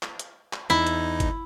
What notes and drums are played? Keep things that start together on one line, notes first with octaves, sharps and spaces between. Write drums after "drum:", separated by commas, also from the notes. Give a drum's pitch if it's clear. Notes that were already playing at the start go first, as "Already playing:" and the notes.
drum: clap
drum: hi-hat
drum: clap
E2 D#4 E4
drum: hi-hat
drum: kick G1, hi-hat